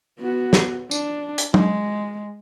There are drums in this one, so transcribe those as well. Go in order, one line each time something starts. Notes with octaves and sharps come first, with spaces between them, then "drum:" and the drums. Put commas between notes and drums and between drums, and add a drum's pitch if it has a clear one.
B3 F#4
drum: snare
D4, drum: tambourine
drum: hi-hat
G#3, drum: tom